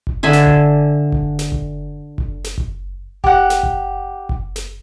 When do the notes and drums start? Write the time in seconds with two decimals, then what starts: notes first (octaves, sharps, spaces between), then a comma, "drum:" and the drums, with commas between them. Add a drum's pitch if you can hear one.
0.07 drum: kick F#1
0.23 D3 E5 G#5
0.33 drum: snare
0.46 drum: kick F#1
1.12 drum: kick F#1
1.39 drum: snare
1.52 drum: kick F#1
2.18 drum: kick F#1
2.44 drum: snare
2.58 drum: kick F#1
3.24 G4 F#5, drum: kick F#1
3.50 drum: snare
3.63 drum: kick F#1
4.29 drum: kick F#1
4.56 drum: snare